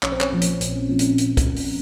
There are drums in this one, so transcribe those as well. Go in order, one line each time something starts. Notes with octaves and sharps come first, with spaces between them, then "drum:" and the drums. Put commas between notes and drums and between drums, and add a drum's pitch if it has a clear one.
A#1 C#4, drum: clap
C4
C#4, drum: clap
A#2 F3
drum: hi-hat
A#1, drum: hi-hat
A#2 F3
drum: hi-hat
drum: hi-hat
drum: kick, hi-hat
drum: open hi-hat